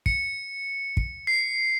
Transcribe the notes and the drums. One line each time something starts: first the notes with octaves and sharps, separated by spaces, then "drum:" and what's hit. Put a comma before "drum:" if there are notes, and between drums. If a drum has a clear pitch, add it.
C#7, drum: kick
drum: kick
C7